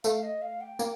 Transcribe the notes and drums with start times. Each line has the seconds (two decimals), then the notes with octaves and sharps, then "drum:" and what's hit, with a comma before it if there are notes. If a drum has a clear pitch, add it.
0.04 A3 F5, drum: tambourine
0.23 D#5
0.42 F5
0.61 G5
0.79 A#3, drum: tambourine